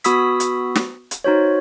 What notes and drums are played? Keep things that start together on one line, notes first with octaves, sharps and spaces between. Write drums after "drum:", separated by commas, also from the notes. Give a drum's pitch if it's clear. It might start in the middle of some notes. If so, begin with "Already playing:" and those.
B3 F#4 B5 D#6 E6 B6, drum: hi-hat
drum: hi-hat
drum: snare
drum: hi-hat
D#4 F#4 C5 C#5